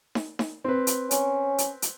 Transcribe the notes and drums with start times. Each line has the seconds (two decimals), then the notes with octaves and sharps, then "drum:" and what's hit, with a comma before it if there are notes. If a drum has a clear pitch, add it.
0.15 drum: snare D#4
0.39 drum: snare D#4
0.64 C4 B4
0.87 drum: hi-hat
1.11 C#4, drum: hi-hat
1.58 drum: hi-hat
1.82 drum: hi-hat